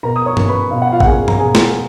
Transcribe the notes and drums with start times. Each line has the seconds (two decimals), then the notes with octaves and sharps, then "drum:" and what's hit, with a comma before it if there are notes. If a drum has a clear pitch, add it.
0.03 B2 A#4 A#5
0.16 D#6
0.26 C#5 C#6
0.37 A#3 C#4 C#6, drum: tom G2
0.48 B4 B5
0.71 B2 F5
0.82 F#5
0.92 F4 F5
1.00 F#5, drum: kick
1.05 A#3 C#4 G#4 G#5
1.28 A#5, drum: tom G2
1.39 B2 G#4 G#5
1.55 drum: snare